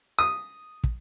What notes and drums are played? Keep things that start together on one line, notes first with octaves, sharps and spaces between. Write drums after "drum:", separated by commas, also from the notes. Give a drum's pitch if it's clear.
D#6
drum: kick